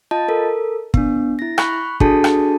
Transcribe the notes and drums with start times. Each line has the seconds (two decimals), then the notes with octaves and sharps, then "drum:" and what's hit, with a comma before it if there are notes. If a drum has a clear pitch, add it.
0.11 F4 D#5 A5
0.28 A4 A#4
0.94 B3 D4, drum: kick
1.39 E4 A#6
1.58 B5 C#6 F#6, drum: rim click
2.00 D4 F#4 G#4 A4 A5, drum: kick
2.24 drum: rim click